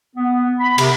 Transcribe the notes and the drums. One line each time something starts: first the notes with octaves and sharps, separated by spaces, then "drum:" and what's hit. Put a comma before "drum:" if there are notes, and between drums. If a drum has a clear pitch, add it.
B3
B5
C3, drum: cymbal